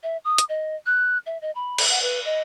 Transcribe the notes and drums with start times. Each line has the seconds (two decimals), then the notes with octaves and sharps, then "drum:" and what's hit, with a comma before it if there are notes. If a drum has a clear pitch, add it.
0.03 E5
0.25 D#6
0.38 drum: hi-hat
0.49 D#5
0.86 F#6
1.26 E5
1.41 D#5
1.55 B5
1.78 drum: cymbal
1.90 F#5
2.02 B4
2.25 D#5